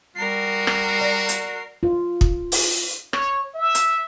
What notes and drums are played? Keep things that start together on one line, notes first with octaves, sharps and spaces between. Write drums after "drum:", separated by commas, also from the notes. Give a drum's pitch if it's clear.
G3 F#4 A#4 C7
drum: rim click
D5
drum: hi-hat
F4
drum: kick
drum: open hi-hat
C#5, drum: rim click
E5
drum: hi-hat